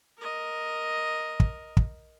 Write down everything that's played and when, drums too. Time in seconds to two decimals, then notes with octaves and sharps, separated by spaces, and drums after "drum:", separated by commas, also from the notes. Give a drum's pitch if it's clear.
0.18 A#4 D#5
1.40 drum: kick
1.77 drum: kick